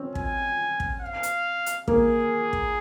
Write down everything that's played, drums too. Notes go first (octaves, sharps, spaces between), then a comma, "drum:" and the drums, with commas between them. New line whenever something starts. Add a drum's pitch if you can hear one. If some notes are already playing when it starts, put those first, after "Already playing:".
Already playing: C4 C#4
G#5, drum: kick
drum: kick
F5
drum: hi-hat
drum: hi-hat
A#3 G#4, drum: kick
drum: kick